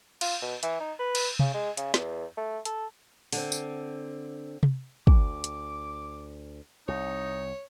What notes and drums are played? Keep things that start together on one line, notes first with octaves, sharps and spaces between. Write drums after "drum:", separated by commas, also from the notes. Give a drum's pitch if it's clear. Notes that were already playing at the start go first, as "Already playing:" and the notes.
F4, drum: cymbal
B2
E3, drum: hi-hat
D#4
B4
drum: cymbal
C#3, drum: tom C3
G#3
C#3, drum: hi-hat
E2, drum: snare
A3
A4, drum: hi-hat
D3 C4, drum: open hi-hat
drum: tambourine
drum: tom C3
D2 D6, drum: kick
drum: hi-hat
C2 D#4 C#5